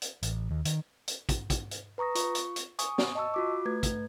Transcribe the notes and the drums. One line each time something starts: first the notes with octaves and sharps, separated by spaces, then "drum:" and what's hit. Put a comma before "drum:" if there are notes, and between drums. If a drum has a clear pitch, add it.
drum: hi-hat
A1, drum: hi-hat
D#2
D#3, drum: hi-hat
drum: hi-hat
drum: kick, hi-hat
drum: kick, hi-hat
drum: hi-hat
B4 A#5 C#6 D#6 A#6
F4 C#6, drum: hi-hat
drum: hi-hat
drum: hi-hat
G#5 C#6 D#6, drum: hi-hat
drum: snare
D#5 A5 C#6 E6
F4 F#4 D6
A3 B4 G#6
drum: kick, hi-hat